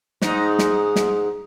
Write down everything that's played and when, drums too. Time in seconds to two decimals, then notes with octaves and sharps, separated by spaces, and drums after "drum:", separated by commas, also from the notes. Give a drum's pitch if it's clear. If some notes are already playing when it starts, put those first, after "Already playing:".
0.22 G#2 D#4, drum: snare
0.59 drum: snare
0.96 drum: snare